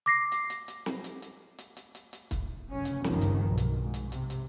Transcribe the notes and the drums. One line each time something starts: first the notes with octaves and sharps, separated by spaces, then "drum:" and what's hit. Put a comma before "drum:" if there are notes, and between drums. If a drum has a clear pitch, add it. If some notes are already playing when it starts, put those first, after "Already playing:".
D6 A#6 C7
drum: hi-hat
drum: hi-hat
drum: hi-hat
drum: snare
drum: hi-hat
drum: hi-hat
drum: hi-hat
drum: hi-hat
drum: hi-hat
drum: hi-hat
drum: kick, hi-hat
F1 C#3 C#4
drum: hi-hat
G#1 C#2 G2 D#3 F3, drum: snare
drum: hi-hat
B1
drum: hi-hat
G#2
drum: hi-hat
C3, drum: hi-hat
drum: hi-hat